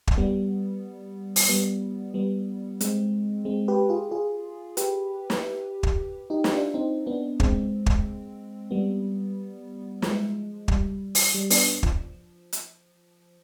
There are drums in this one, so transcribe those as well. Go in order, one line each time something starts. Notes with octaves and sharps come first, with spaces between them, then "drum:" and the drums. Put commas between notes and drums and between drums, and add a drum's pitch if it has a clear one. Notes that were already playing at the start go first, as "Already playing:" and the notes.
drum: kick
G3 B3
drum: open hi-hat
G3 B3
G3 B3
G#3 C4, drum: hi-hat
G#3 C4
G4 B4
F4 G#4
F4 G#4
G4 B4, drum: hi-hat
drum: snare
drum: kick
D#4 G4
G4, drum: snare
D4 F4
C4 D#4
B3 D4
G#3 C4, drum: kick
drum: kick
G3 B3
F3 G#3, drum: snare
G3, drum: kick
drum: open hi-hat
G3
B3 D4, drum: open hi-hat
F3, drum: kick
drum: hi-hat